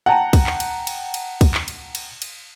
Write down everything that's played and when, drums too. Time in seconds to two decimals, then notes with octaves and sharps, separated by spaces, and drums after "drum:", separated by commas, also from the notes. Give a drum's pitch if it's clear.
0.06 F#5 G5 A5 A#5
0.33 drum: kick, cymbal
0.47 drum: clap
0.60 drum: cymbal
0.87 drum: cymbal
1.14 drum: cymbal
1.41 drum: kick, cymbal
1.54 drum: clap
1.68 drum: cymbal
1.95 drum: cymbal
2.22 drum: cymbal